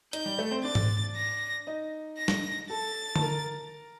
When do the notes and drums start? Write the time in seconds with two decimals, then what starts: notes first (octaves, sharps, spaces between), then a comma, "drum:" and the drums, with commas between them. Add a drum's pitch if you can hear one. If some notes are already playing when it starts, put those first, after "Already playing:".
0.13 D#4 G6, drum: hi-hat
0.26 G3 G4
0.39 A3 A4
0.51 C4 C5
0.64 D4 D5 A6
0.75 drum: tom G#2
1.16 A#6
1.67 D#4 D#5
2.18 A#6
2.28 drum: snare
2.70 A4 A5 A6
3.16 A5, drum: tom D3
3.22 A#4 A#5